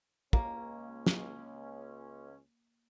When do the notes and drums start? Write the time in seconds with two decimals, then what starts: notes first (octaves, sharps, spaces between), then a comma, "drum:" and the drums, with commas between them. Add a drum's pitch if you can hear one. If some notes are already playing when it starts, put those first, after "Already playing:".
0.33 C#2 A#3 C#4, drum: kick
1.07 drum: snare